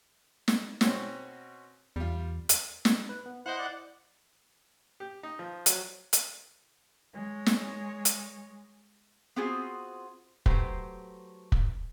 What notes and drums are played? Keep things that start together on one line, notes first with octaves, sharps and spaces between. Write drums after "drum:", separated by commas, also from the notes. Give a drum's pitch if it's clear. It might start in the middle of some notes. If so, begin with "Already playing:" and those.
drum: snare
B2 C4 C#4, drum: snare
E2 G3 F4
drum: hi-hat
drum: snare
B4 F#6
B3
E4 C5 D#5 F#5
D5
G4
D#4
F3
F#3, drum: hi-hat
drum: hi-hat
G#3 C#5
drum: snare
drum: hi-hat
B3 C4 F4 F#4 G#4 C5
F#3 A3 G4 B4 C5, drum: kick
drum: kick